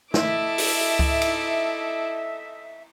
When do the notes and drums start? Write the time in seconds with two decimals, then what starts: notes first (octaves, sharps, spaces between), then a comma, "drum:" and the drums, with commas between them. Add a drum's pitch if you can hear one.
0.14 E4 A4 D#5 E5 A5 D6, drum: snare
0.58 drum: open hi-hat
0.99 drum: kick C#2
1.22 drum: cymbal